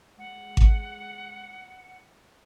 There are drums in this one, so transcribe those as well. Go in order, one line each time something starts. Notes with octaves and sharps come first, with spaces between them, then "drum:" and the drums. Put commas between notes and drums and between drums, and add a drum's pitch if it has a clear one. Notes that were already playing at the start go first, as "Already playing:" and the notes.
G#3 F#5
drum: kick G#1